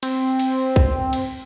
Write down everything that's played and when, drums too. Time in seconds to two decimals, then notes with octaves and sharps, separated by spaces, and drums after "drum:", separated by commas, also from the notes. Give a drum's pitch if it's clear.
0.03 C4, drum: cymbal
0.39 drum: cymbal
0.76 drum: kick B1
1.13 drum: cymbal